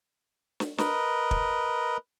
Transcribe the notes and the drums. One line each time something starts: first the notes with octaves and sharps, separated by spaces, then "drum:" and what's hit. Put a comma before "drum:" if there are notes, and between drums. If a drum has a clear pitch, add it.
drum: snare
A#4 B4 D#5, drum: snare
drum: kick